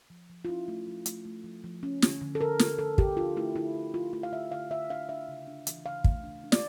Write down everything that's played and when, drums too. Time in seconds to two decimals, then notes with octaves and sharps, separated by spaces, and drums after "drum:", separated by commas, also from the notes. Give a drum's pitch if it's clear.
0.10 F3
0.29 F3
0.45 F4
0.48 C#4 E4
0.68 A3
0.87 F3
1.06 A3, drum: hi-hat
1.25 A3
1.44 F3
1.64 F3
1.83 C#4
2.02 D3, drum: snare
2.21 D3
2.35 A4
2.41 D3 A#4
2.59 D3, drum: snare
2.79 D3 A4
2.98 D3 G4, drum: kick
3.17 D4 F4
3.36 A3 E4
3.56 D3 E4
3.75 D3
3.94 D3 F4
4.13 A3 F4
4.23 F5
4.32 D3 E5
4.51 D3 F5
4.70 D3 E5
4.90 D4 F5
5.09 D4 E5
5.28 C#3
5.48 D4
5.67 E3, drum: hi-hat
5.86 C#3 F5
6.04 A3, drum: kick
6.23 D4
6.44 D4
6.52 D5, drum: snare